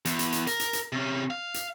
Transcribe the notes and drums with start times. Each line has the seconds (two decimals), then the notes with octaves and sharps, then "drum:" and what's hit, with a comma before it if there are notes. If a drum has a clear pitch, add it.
0.05 E2, drum: hi-hat
0.19 drum: hi-hat
0.32 drum: hi-hat
0.47 A#4, drum: hi-hat
0.60 drum: hi-hat
0.73 drum: hi-hat
0.93 C3 C#4
1.30 F5
1.54 drum: hi-hat